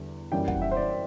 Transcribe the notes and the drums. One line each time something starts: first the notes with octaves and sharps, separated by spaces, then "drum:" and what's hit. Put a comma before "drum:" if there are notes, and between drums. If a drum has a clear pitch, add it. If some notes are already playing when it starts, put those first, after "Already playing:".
Already playing: E2 D3 G3
F#1 F#2 E3 G3 G5
F#5, drum: kick
E5
C5
D5